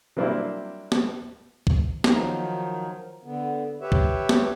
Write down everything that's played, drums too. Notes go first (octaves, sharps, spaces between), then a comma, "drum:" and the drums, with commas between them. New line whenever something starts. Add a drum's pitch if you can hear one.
F#3 G3 A#3 C4 D4 E4
drum: snare
drum: kick
D#3 F3 F#3 D#4, drum: snare
D3 B3
G4 B4 C#5 E5
drum: kick
drum: snare